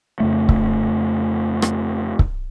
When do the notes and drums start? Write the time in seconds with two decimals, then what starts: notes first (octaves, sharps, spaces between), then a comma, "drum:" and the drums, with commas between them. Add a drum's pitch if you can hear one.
0.20 F2 C#3 A3
0.49 drum: kick C#1
1.62 drum: rim click
2.19 drum: kick C#1